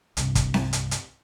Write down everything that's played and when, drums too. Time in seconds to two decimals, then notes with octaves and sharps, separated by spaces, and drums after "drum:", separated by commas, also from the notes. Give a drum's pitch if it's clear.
0.17 C2 G2 C3, drum: hi-hat
0.35 drum: kick, hi-hat
0.54 drum: snare C4
0.73 drum: hi-hat
0.91 drum: hi-hat